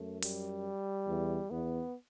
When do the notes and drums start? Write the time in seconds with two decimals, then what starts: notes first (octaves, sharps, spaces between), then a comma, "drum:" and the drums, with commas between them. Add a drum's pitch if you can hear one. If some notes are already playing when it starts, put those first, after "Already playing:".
Already playing: F#2 A3
0.22 G3, drum: open hi-hat
1.08 E2
1.51 E2 B3